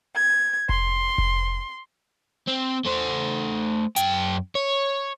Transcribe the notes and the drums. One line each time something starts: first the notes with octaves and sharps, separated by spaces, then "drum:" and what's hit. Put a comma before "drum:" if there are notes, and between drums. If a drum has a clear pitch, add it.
G#6
C6, drum: kick F1
drum: kick F1
C4
A3 C5
F#2 G5, drum: hi-hat
C#5